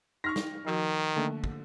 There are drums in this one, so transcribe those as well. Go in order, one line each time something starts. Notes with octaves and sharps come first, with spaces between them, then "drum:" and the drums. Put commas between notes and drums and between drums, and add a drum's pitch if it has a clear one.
D#4 C#6 F6 A#6
drum: snare
D#3 F3 F#4 A#4
D3 A3 A#3
drum: kick